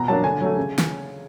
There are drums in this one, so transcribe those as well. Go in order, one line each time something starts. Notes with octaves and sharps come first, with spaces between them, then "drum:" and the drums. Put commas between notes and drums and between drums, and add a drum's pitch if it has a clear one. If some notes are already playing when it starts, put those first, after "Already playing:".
Already playing: B2 A#5
F#3 A#3 D4 A5
D3 G#5
F#3 A3
C#3
drum: snare